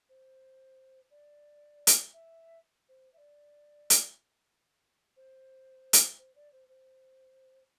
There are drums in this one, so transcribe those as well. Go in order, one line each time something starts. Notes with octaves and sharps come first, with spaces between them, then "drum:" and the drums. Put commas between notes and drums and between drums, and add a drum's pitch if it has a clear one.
C5
D5
drum: hi-hat
E5
C5
E5
D5
drum: hi-hat
C5
drum: hi-hat
C5
D5
C5
C5